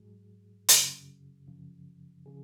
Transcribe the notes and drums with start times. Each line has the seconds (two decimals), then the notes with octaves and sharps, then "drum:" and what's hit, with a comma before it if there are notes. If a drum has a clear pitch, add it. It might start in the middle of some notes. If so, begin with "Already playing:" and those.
Already playing: G#2 F#3 G#4
0.69 F#2 C#3 F#3, drum: hi-hat
1.47 F#2 C#3 F3
2.26 C#3 F3 G#4